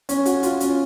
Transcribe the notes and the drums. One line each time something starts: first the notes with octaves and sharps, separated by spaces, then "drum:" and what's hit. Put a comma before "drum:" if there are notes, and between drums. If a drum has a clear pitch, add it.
C#4, drum: hi-hat
F#4, drum: hi-hat
F4, drum: hi-hat
C#4, drum: hi-hat